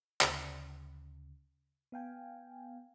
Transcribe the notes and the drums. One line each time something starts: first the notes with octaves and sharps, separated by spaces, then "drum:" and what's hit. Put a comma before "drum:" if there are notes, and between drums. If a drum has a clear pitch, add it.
D2 C#3, drum: clap
B3 F5 G5 G#5